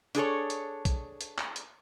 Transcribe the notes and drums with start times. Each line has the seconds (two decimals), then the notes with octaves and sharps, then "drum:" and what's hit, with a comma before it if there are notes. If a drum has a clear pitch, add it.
0.15 D4 G#4 A4 C#5, drum: hi-hat
0.50 drum: hi-hat
0.85 drum: kick, hi-hat
1.21 drum: hi-hat
1.38 drum: clap
1.56 drum: hi-hat